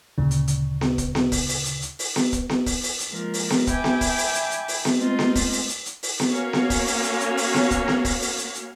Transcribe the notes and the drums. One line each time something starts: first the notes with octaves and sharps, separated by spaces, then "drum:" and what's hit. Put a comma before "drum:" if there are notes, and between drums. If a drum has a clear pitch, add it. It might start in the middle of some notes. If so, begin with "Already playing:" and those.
D2 A#2 C#3
drum: hi-hat
drum: hi-hat
drum: snare B3
drum: kick, hi-hat
drum: snare B3
drum: kick, open hi-hat
drum: open hi-hat
drum: hi-hat
drum: hi-hat
drum: open hi-hat
drum: snare B3
drum: kick, hi-hat
drum: snare B3
drum: kick, open hi-hat
drum: open hi-hat
drum: hi-hat
F3 G#3 A#3 A#4
drum: open hi-hat
drum: snare B3
E5 G5 G#5 B5 D6, drum: kick, hi-hat
drum: snare B3
drum: kick, open hi-hat
drum: open hi-hat
drum: hi-hat
drum: hi-hat
drum: open hi-hat
drum: snare B3
G#3 A3 C4 D#4 F4
drum: snare B3
drum: kick, open hi-hat
drum: open hi-hat
drum: hi-hat
drum: hi-hat
drum: open hi-hat
drum: snare B3
A#3 C#4 F#4 C#5 F5
drum: snare B3
drum: kick, open hi-hat
drum: open hi-hat
drum: hi-hat
drum: hi-hat
drum: open hi-hat
drum: snare B3
drum: kick, hi-hat
drum: snare B3
drum: kick, open hi-hat
drum: open hi-hat
drum: hi-hat
drum: hi-hat